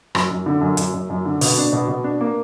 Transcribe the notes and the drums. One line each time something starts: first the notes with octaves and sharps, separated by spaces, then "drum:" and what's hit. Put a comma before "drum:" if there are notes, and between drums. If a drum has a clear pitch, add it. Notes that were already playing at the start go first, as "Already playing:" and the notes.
F#2, drum: rim click
F#2
D3
F#2
F#2, drum: hi-hat
F#2
F#2
D3
B2, drum: open hi-hat
D4
B2
B2
D4
A#3